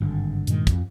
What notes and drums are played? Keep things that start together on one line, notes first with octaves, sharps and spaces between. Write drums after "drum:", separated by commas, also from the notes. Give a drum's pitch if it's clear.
G#1 G2 D3
G2 A#2 D#3 G#3, drum: hi-hat
F2, drum: kick, hi-hat